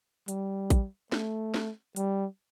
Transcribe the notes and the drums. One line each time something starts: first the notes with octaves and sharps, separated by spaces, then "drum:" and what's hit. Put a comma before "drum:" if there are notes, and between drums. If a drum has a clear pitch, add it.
G3, drum: hi-hat
drum: kick A1, hi-hat
A3, drum: snare
drum: snare
G3, drum: hi-hat